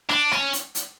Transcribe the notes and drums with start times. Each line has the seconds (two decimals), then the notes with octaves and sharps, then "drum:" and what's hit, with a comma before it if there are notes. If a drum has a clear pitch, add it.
0.09 D4, drum: rim click
0.32 C#4, drum: rim click
0.53 drum: hi-hat
0.75 drum: hi-hat